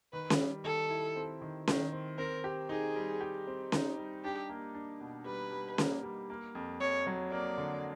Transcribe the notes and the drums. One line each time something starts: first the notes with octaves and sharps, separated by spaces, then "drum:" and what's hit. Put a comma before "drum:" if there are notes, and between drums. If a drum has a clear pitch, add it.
D#3 B4
drum: snare C#4
G3
D#3 A4
E4
C4
D#3
D#3, drum: snare C#4
C4
C4 A#4
G4
D#4 G#4
G3
G4
C4
D#4, drum: snare C#4
G3
D4 G4
A#3
D4
B2
G3 B4
G3
A#3, drum: snare C#4
G3
A#3
F2
F2 C#5
F#3
A#3 D5
D3